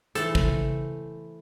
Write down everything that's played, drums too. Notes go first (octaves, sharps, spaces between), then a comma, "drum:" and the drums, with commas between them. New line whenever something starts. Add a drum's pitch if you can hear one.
E3 A3 A4 C5, drum: hi-hat
drum: kick